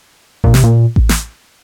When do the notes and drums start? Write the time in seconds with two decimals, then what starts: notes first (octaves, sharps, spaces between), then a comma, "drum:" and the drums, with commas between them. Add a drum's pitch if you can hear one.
0.44 A#2, drum: kick A1
0.54 C3, drum: snare
0.64 A#2
0.96 drum: kick A1
1.09 drum: snare